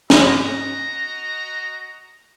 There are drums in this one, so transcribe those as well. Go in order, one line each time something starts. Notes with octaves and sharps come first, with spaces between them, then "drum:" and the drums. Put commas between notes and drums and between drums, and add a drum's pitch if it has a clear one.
F#4 D#5 A#5, drum: snare